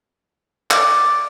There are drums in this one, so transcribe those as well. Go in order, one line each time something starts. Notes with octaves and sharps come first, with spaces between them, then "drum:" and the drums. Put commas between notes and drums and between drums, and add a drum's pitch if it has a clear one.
D5, drum: clap